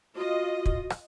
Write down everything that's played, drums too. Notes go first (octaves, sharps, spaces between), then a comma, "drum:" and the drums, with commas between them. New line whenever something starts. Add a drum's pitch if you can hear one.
F4 F#4 D#5
drum: kick
drum: rim click